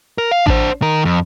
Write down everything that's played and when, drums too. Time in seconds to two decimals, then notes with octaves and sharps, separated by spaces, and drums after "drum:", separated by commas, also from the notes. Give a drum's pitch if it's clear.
0.18 A#4
0.32 F5
0.47 D4 C5, drum: kick A1
0.82 D#3 A#4
1.05 F2